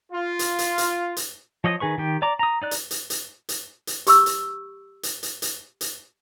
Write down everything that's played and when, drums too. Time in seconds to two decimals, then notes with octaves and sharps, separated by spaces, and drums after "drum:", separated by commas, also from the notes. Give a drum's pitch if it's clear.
0.11 F4
0.39 drum: hi-hat
0.58 drum: hi-hat
0.78 drum: hi-hat
1.17 drum: hi-hat
1.64 F3 C#5 D#5 F#5 D#6
1.80 D#3 G#4 B4 C#6
1.98 D#3 G4
2.22 D5 A#5 D6
2.39 A#5 D#6
2.62 D#4 D5 F#6
2.71 drum: hi-hat
2.91 drum: hi-hat
3.10 drum: hi-hat
3.49 drum: hi-hat
3.87 drum: hi-hat
4.07 G4 C#6 E6, drum: hi-hat
4.26 drum: hi-hat
5.03 drum: hi-hat
5.23 drum: hi-hat
5.42 drum: hi-hat
5.81 drum: hi-hat